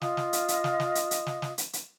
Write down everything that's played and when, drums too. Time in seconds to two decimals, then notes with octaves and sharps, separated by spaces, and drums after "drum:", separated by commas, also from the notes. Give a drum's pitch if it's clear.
0.01 F4 D#5 F5 D#6, drum: snare
0.17 drum: snare
0.33 drum: hi-hat
0.48 drum: hi-hat
0.64 drum: snare
0.80 drum: snare
0.95 drum: hi-hat
1.11 drum: hi-hat
1.26 drum: snare
1.42 drum: snare
1.58 drum: hi-hat
1.73 drum: hi-hat